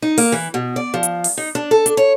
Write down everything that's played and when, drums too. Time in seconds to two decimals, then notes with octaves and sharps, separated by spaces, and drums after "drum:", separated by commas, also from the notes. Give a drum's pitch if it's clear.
0.02 D#4
0.18 A#3, drum: open hi-hat
0.32 E3
0.54 B2
0.76 D5
0.94 F3
1.03 drum: hi-hat
1.24 drum: open hi-hat
1.38 D#4
1.55 D4
1.71 A4
1.86 D4, drum: hi-hat
1.97 C#5